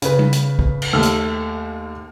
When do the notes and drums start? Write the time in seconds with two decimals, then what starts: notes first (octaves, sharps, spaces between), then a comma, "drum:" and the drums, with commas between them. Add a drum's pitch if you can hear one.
0.02 C#3 B4, drum: hi-hat
0.19 drum: tom G3
0.33 drum: hi-hat
0.59 drum: kick
0.82 drum: cymbal
0.93 D#2 A3 E6 F6
1.03 drum: hi-hat